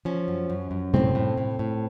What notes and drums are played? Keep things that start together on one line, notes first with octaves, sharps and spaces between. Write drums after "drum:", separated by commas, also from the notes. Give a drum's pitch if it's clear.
F3 C#4
F#2
F#2
F#2
A2 C4, drum: tom
A2
A2
A2